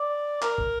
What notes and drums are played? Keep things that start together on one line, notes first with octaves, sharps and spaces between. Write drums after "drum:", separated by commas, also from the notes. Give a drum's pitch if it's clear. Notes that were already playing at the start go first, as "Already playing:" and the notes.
Already playing: D5
A#4, drum: clap
drum: kick